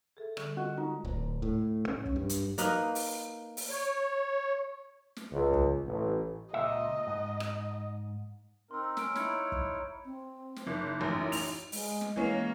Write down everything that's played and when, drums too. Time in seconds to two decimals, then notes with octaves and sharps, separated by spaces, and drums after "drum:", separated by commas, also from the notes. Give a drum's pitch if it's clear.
0.17 G#4 A4 E5
0.37 D3 G3 C#6, drum: rim click
0.57 F4 F#4 D#5
0.77 G#3 D#4
1.05 D1
1.42 A2
1.88 C#4
2.05 drum: kick
2.16 G2
2.29 drum: hi-hat
2.58 A#3 D#4 B4, drum: hi-hat
2.95 drum: open hi-hat
3.57 drum: open hi-hat
3.70 C#5
5.16 drum: snare
5.31 C#2
5.53 drum: kick
5.85 A1
6.54 C#2 A#2 D#5 E5
7.07 G#2
7.40 drum: rim click
8.71 C4 D#4 A#4 C6 E6
8.97 C#4 E6 F6 D7, drum: snare
9.15 D#4 E4 C#5 B5 G#6 C#7, drum: snare
9.52 drum: kick
10.05 C4
10.56 drum: snare
10.67 F#1 D#4
10.99 A1 F#2
11.32 F7, drum: open hi-hat
11.72 G#3, drum: open hi-hat
12.01 drum: snare
12.16 E3 A#3 C#4